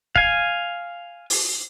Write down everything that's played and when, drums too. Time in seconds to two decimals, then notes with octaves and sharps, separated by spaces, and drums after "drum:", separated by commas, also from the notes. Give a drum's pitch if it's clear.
0.16 F5 G#5, drum: kick
1.30 drum: open hi-hat